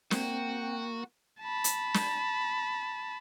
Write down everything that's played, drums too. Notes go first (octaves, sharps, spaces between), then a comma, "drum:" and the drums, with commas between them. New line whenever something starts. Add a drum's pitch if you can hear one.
A#3 C4 F#4 G5, drum: snare
A5 B5
drum: hi-hat
drum: snare